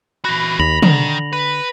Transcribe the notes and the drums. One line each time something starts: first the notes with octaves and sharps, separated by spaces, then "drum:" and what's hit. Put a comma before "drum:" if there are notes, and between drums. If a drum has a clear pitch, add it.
E3 F#4 B5 A#6
D#2 B5 A#6 F7 F#7
D3 D#3, drum: tom
B4